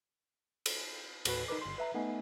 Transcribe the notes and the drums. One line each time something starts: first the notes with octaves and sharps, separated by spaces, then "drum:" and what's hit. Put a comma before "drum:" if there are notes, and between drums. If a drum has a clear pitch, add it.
drum: cymbal
D#2 A2 F#4 B4, drum: cymbal
D#4 A#4 B4 D6
G1 C6
B4 E5 A#5
A3 B3 D#4 D#5 G#5